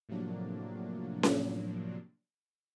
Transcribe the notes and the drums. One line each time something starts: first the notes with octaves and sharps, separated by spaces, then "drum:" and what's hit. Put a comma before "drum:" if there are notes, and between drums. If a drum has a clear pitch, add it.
A2 C3 F3 F#3 A#3 D4
drum: snare C#4